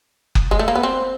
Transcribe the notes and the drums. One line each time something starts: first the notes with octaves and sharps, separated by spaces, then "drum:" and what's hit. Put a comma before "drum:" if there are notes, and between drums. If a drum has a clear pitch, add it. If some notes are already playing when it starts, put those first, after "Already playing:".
drum: kick F#1
G#3
A3
A#3
B3
C4